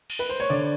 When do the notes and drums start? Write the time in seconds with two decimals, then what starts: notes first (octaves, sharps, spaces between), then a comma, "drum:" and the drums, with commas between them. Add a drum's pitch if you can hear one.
0.10 drum: cymbal
0.19 B4
0.29 C5
0.40 C#5
0.50 D3 D5